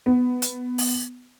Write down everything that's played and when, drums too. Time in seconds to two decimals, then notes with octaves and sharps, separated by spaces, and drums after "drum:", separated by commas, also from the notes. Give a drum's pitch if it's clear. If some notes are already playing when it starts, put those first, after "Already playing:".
0.06 B3
0.42 drum: hi-hat
0.78 drum: open hi-hat